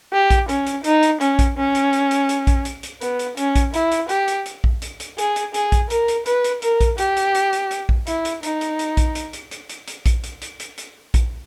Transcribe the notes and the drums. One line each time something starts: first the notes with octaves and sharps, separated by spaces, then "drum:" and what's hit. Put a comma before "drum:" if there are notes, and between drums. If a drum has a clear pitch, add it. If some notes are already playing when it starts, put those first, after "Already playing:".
G4
drum: kick A#1, hi-hat
C#4, drum: hi-hat
drum: hi-hat
D#4, drum: hi-hat
drum: hi-hat
C#4, drum: hi-hat
drum: kick A#1, hi-hat
C#4
drum: hi-hat
drum: hi-hat
drum: hi-hat
drum: hi-hat
drum: kick A#1, hi-hat
drum: hi-hat
drum: hi-hat
B3, drum: hi-hat
drum: hi-hat
C#4, drum: hi-hat
drum: kick A#1, hi-hat
E4, drum: hi-hat
drum: hi-hat
G4, drum: hi-hat
drum: hi-hat
drum: hi-hat
drum: kick A#1
drum: hi-hat
drum: hi-hat
G#4, drum: hi-hat
drum: hi-hat
G#4, drum: hi-hat
drum: kick A#1, hi-hat
A#4, drum: hi-hat
drum: hi-hat
B4, drum: hi-hat
drum: hi-hat
A#4, drum: hi-hat
drum: kick A#1, hi-hat
G4, drum: hi-hat
drum: hi-hat
drum: hi-hat
drum: hi-hat
drum: hi-hat
drum: kick A#1
E4, drum: hi-hat
drum: hi-hat
D#4, drum: hi-hat
drum: hi-hat
drum: hi-hat
drum: kick A#1, hi-hat
drum: hi-hat
drum: hi-hat
drum: hi-hat
drum: hi-hat
drum: hi-hat
drum: kick A#1, hi-hat
drum: hi-hat
drum: hi-hat
drum: hi-hat
drum: hi-hat
drum: kick A#1, hi-hat